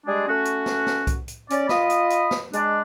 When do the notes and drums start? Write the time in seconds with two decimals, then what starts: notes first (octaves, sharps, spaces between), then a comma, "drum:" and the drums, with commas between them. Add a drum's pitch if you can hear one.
0.07 G3 G#3 D4 G#4
0.28 A3 C#4 F#4
0.45 drum: hi-hat
0.66 drum: snare
0.87 drum: snare
1.07 drum: kick C2, hi-hat
1.28 drum: hi-hat
1.50 C#4 D5, drum: hi-hat
1.69 F4 D#5 B5 D#6, drum: snare
1.90 drum: hi-hat
2.10 drum: hi-hat
2.31 drum: snare
2.53 G#3 D4, drum: hi-hat